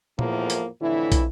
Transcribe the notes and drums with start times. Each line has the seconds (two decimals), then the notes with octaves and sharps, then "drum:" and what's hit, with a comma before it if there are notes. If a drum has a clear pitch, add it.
0.19 E2 A2 F3 A#3 A#4, drum: tom A#2
0.50 drum: hi-hat
0.81 F2 A2 D3 E3 E4
1.12 drum: kick, hi-hat